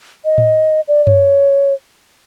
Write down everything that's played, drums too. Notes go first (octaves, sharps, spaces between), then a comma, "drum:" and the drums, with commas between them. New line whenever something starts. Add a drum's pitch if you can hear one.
D#5
drum: tom A2
D5
D5
C#5, drum: tom F#2